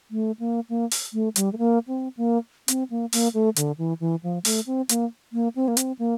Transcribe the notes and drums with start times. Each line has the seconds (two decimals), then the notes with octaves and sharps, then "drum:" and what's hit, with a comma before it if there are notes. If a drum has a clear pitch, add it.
0.11 A3
0.39 A#3
0.69 A#3
0.91 drum: open hi-hat
1.13 A3
1.36 G3, drum: hi-hat
1.53 A3
1.58 A#3
1.88 C4
2.17 A#3
2.68 C4, drum: hi-hat
2.90 A#3
3.13 A#3, drum: open hi-hat
3.34 A3
3.56 D3, drum: hi-hat
3.78 E3
4.00 E3
4.23 F3
4.45 A3, drum: open hi-hat
4.66 C4
4.89 A#3, drum: hi-hat
5.33 A#3
5.55 C4
5.68 A#3
5.77 C4, drum: hi-hat
5.99 A#3